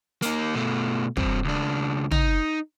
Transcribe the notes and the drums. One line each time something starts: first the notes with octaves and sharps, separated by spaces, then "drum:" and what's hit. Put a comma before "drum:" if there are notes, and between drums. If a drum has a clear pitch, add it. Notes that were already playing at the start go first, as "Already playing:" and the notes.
A#3 D#4, drum: hi-hat
B2 A3
G2 C4, drum: kick
C#2 D4
D#4, drum: tom